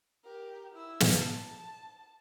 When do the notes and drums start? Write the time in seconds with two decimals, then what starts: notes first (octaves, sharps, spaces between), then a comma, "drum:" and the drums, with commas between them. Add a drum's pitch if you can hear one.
0.24 G4 A#4
0.75 E4 E6
1.00 drum: snare
1.15 A5